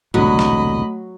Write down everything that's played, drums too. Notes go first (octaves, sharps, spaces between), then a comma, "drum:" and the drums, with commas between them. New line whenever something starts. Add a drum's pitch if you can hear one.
E1 C2 D3 F#3 A3 D#5 B5, drum: tom G#2
drum: snare